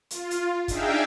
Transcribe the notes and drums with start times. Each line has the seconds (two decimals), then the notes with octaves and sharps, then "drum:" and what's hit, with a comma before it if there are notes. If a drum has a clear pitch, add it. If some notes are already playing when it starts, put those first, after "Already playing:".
0.11 F4, drum: hi-hat
0.31 drum: hi-hat
0.68 D4 D#4 G#4 E5 F5 G5, drum: kick, hi-hat